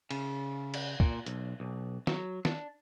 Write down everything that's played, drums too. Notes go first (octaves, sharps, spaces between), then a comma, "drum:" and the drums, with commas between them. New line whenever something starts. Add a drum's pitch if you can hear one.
C#3, drum: cymbal
drum: cymbal
A#2, drum: kick
B1, drum: hi-hat
B1
F#3, drum: snare
D4, drum: snare